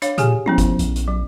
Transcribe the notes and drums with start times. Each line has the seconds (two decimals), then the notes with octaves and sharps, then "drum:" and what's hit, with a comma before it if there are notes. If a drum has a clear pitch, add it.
0.02 D4 C#5 F5, drum: hi-hat
0.18 A#2 G4 G#4 G#5, drum: hi-hat
0.46 F3 B3 C#4 E4
0.58 drum: kick, hi-hat
0.79 A#1, drum: hi-hat
0.96 drum: hi-hat
1.08 F#3